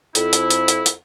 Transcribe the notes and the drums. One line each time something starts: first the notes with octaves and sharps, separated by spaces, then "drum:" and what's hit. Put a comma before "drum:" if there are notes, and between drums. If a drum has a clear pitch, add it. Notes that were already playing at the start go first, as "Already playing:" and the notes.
F2 E4, drum: hi-hat
drum: hi-hat
drum: hi-hat
drum: hi-hat
drum: hi-hat